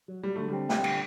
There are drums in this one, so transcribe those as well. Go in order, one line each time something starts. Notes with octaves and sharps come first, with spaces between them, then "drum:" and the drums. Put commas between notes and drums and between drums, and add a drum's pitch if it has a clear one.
F#3
F#3 G3
D3 A3
G3 C4
G4, drum: snare
D3, drum: cymbal